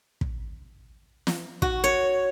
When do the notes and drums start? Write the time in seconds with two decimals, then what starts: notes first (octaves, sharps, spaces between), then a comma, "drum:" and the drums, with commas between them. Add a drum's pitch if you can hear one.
0.21 drum: kick
1.27 drum: snare
1.62 F#4, drum: kick
1.84 C#5